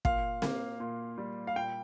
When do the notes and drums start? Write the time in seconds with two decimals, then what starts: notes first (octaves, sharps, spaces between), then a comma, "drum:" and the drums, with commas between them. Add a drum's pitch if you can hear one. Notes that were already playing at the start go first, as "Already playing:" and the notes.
0.05 A#2 F5, drum: kick
0.42 A#3, drum: snare C4
0.80 A#2
1.18 G3
1.47 F5
1.56 A#2 G5